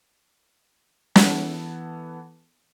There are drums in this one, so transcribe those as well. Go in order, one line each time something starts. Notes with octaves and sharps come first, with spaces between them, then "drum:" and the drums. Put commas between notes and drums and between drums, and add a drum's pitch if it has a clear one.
E3 B3 A4 A5, drum: snare